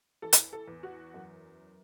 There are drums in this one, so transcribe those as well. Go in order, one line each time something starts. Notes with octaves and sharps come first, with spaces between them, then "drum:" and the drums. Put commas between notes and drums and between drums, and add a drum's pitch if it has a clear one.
E3 A4
drum: hi-hat
A4
E2
F#4
F#2